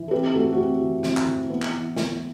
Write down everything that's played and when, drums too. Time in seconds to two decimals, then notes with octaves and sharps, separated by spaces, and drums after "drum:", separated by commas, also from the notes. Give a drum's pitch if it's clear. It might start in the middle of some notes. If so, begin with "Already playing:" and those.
Already playing: E3
0.08 A4
0.11 C4 G4 B4
0.34 A3 F#4 A4
0.53 F#4
0.58 C4 G4
0.81 E3
1.03 C4, drum: snare
1.17 drum: clap
1.26 E3
1.50 B3
1.62 drum: clap
1.73 E3
1.96 B3, drum: snare